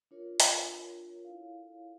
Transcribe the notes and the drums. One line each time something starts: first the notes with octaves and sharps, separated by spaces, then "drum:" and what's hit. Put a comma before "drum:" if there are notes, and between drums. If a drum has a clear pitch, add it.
D4 F4 A#4 C#5
drum: open hi-hat
E4 A4 C#5 F5